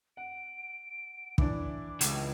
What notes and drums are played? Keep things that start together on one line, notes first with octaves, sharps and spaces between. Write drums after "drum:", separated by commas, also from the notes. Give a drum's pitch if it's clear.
F#5 D7
E3 D4 D6, drum: kick
C#2, drum: hi-hat